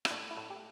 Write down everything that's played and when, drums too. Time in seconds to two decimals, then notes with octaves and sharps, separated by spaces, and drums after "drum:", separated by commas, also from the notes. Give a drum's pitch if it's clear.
0.05 E4, drum: rim click
0.11 A2 D4
0.31 E4
0.37 A2
0.50 G4